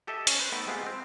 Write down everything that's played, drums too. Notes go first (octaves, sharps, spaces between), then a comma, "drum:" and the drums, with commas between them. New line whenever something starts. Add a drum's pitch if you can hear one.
G4 A4 D#5 E5
C#4, drum: hi-hat
B4 C5
A3 B3 D#4 E5 G5
G#3 A3 B3 C4 F4 G4
C4